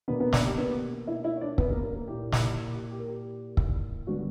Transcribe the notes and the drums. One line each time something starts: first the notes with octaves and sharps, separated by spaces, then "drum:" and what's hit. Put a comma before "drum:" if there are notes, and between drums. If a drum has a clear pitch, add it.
B2 A#3 B3 D4 B4
B3 B4
D4 D5, drum: snare
G4
B3 B4
E4 E5
E4 E5
C#5
D4 D5
B3 B4, drum: kick
A#3 A#4
A#3 A#4
A#3 A#4
A#2 A#3 E4 G4
drum: snare
G4
G4
A#4
G4
drum: kick
D3 G3 B3 F#4